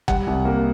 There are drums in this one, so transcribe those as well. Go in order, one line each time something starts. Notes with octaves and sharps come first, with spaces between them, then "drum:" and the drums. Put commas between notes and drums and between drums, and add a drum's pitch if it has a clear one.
G3 F#5, drum: kick G1
C2
A#3